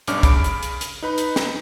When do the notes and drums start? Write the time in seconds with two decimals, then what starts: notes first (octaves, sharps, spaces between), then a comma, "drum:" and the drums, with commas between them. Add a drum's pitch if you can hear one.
0.07 B1 G2 C#4 D4 D6 F6, drum: hi-hat
0.23 C#3 B5 D7, drum: kick, hi-hat
0.44 drum: hi-hat
0.63 drum: hi-hat
0.81 drum: hi-hat
1.03 D#4 B4 B5
1.18 drum: hi-hat
1.36 drum: snare